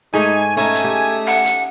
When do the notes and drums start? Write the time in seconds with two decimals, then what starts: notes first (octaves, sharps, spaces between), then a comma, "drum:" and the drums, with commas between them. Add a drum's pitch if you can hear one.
0.14 G#2 A3 D#4 G#5
0.57 A3 C#4 D#4, drum: open hi-hat
0.74 drum: hi-hat
0.84 G4
1.27 F#5, drum: open hi-hat
1.45 drum: hi-hat